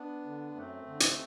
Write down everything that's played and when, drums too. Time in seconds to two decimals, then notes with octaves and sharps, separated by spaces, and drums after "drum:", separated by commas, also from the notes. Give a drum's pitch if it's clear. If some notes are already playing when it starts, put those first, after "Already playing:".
Already playing: B3 D4
0.25 D3
0.55 F#2 A3 C4
0.86 D3
1.00 drum: hi-hat